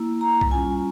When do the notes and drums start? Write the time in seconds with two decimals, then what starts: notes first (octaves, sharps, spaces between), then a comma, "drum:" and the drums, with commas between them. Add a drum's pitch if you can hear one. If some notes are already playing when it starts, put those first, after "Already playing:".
Already playing: A#3 E4
0.21 A#5
0.41 drum: kick B1
0.51 G3 C#4 F4 G#5